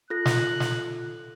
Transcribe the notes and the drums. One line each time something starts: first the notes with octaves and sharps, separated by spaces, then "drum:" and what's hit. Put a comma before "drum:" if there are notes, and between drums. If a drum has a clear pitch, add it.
F4 A4 F#6 A#6
drum: snare
drum: snare